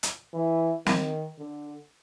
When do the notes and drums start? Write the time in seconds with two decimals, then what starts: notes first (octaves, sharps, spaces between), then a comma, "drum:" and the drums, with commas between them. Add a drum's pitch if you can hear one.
0.03 drum: hi-hat
0.34 E3
0.86 D#3, drum: snare
1.38 D3